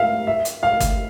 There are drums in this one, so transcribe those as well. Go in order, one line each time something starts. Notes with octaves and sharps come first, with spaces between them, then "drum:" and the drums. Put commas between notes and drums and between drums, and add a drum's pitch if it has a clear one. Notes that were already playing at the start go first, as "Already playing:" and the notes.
Already playing: E5 F5
E5
drum: hi-hat
F5
drum: kick, hi-hat